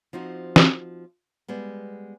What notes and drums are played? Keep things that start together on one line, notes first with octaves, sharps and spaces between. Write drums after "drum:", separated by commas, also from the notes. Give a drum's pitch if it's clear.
F3 C4 D#4 F#4
drum: snare
G3 G#3 B3